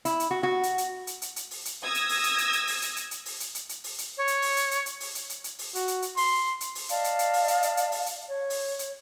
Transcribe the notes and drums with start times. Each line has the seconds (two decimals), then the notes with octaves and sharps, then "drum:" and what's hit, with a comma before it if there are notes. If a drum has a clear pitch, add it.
0.05 E4, drum: hi-hat
0.20 drum: hi-hat
0.31 F#4
0.43 F#4
0.63 drum: hi-hat
0.78 drum: hi-hat
1.07 drum: hi-hat
1.22 drum: hi-hat
1.36 drum: hi-hat
1.51 drum: open hi-hat
1.65 drum: hi-hat
1.84 D#6 E6 G#6 A#6
1.94 drum: hi-hat
2.09 drum: open hi-hat
2.24 drum: hi-hat
2.38 drum: hi-hat
2.53 drum: hi-hat
2.67 drum: open hi-hat
2.82 drum: hi-hat
2.96 drum: hi-hat
3.11 drum: hi-hat
3.26 drum: open hi-hat
3.40 drum: hi-hat
3.55 drum: hi-hat
3.69 drum: hi-hat
3.84 drum: open hi-hat
3.98 drum: hi-hat
4.17 C#5
4.27 drum: hi-hat
4.42 drum: open hi-hat
4.57 drum: hi-hat
4.71 drum: hi-hat
4.86 drum: hi-hat
5.00 drum: open hi-hat
5.15 drum: hi-hat
5.29 drum: hi-hat
5.44 drum: hi-hat
5.59 drum: open hi-hat
5.75 F#4, drum: hi-hat
5.88 drum: hi-hat
6.02 drum: hi-hat
6.17 C6, drum: open hi-hat
6.61 drum: hi-hat
6.75 drum: open hi-hat
6.89 D5 D#5 F5 A5, drum: hi-hat
7.04 drum: hi-hat
7.19 drum: hi-hat
7.33 drum: open hi-hat
7.48 drum: hi-hat
7.63 drum: hi-hat
7.77 drum: hi-hat
7.92 drum: open hi-hat
8.06 drum: hi-hat
8.28 C#5
8.50 drum: open hi-hat
8.79 drum: hi-hat